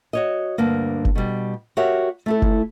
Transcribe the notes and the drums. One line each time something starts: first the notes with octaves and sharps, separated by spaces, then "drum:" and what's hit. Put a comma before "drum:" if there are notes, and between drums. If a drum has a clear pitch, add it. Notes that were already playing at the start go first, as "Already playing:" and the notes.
F#4 C#5 D#5
D2 G2 D3 A#3
drum: kick F#1
B2 G3
F#4 G4 A#4 C#5 E5 F#5
A3 E4 A4
drum: kick F#1